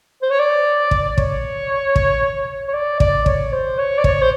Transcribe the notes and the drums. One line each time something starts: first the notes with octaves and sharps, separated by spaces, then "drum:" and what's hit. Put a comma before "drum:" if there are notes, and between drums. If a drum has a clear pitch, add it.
C5
C#5
D5
drum: kick
C#5, drum: kick
drum: kick
C#5
D5
D5, drum: kick
C#5, drum: kick
C5
C#5
D5
C#5, drum: kick
C5